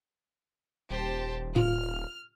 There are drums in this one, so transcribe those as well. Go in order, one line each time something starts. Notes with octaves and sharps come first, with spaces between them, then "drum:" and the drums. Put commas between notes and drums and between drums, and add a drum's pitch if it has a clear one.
D#1 G4 C5 A5
F4 F6, drum: tom A2